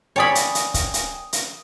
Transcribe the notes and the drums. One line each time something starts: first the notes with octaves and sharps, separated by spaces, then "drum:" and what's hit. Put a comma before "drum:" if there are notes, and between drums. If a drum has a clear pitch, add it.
C#5 D5 G5 G#5 B5 D#6
drum: hi-hat
drum: hi-hat
drum: kick, hi-hat
drum: hi-hat
drum: hi-hat